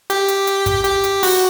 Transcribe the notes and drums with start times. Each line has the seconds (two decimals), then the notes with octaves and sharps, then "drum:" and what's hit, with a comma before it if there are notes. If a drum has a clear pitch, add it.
0.10 G4, drum: hi-hat
0.28 drum: hi-hat
0.47 drum: hi-hat
0.66 drum: kick, hi-hat
0.84 G4, drum: hi-hat
1.04 drum: hi-hat
1.23 F#4, drum: open hi-hat